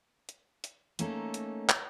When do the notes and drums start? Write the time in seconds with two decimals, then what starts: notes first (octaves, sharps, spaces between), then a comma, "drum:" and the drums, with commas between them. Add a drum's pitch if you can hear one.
0.29 drum: hi-hat
0.64 drum: hi-hat
0.99 A3 A#3 C#4 D#4 A4, drum: hi-hat
1.34 drum: hi-hat
1.69 drum: clap